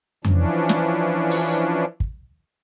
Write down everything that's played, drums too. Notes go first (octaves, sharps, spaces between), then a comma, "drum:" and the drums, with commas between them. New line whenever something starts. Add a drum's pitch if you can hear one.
E3 F3 C#4 D4, drum: tom F2
drum: snare
drum: open hi-hat
drum: kick